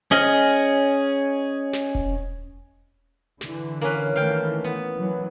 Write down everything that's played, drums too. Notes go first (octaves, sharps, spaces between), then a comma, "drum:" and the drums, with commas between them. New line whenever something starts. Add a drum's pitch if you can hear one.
C#4 G#4 D#5 F6
drum: snare
drum: kick E1
D3 E3, drum: snare
A#3 C#4 B4
D#3 E3 A3 F5 G5
B3, drum: hi-hat
E3 F#3